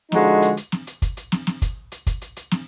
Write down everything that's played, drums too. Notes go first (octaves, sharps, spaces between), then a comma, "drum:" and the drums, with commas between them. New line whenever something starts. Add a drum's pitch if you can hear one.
D3 F3 G#3 D#4 F#4, drum: snare
drum: hi-hat
drum: hi-hat
drum: snare
drum: hi-hat
drum: kick, hi-hat
drum: hi-hat
drum: snare
drum: snare
drum: kick, hi-hat
drum: hi-hat
drum: kick, hi-hat
drum: hi-hat
drum: hi-hat
drum: snare